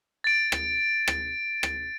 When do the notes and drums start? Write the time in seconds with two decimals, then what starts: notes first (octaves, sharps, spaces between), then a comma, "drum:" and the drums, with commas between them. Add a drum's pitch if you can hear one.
0.24 A6 D7
0.52 drum: rim click
1.08 drum: rim click
1.63 drum: rim click